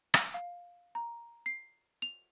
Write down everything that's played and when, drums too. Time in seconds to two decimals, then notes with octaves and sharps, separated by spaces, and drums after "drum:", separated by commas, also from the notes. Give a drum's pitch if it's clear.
0.14 drum: rim click
0.34 F5
0.95 A#5
1.46 C7
2.02 F7